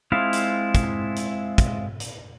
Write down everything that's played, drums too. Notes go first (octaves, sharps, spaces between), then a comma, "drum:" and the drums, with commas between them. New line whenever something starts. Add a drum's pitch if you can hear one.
G#3 C4 E4 F4 F5
drum: hi-hat
drum: kick, hi-hat
drum: hi-hat
drum: kick, hi-hat
drum: hi-hat